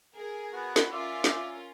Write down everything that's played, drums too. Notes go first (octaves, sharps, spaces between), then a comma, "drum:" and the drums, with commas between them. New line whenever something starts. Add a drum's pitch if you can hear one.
G#4 A#4 G#5
B3 F#4 B4
drum: snare
C#4 F4 A#4 D5 E5
drum: snare